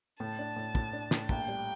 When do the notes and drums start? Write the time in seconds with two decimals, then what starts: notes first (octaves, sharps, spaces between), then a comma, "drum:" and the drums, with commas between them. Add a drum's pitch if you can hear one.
0.20 A2 A5
0.39 D4
0.56 A2
0.75 A2, drum: kick
0.93 D4
1.11 A2, drum: snare
1.29 A#1 G5, drum: kick
1.48 G3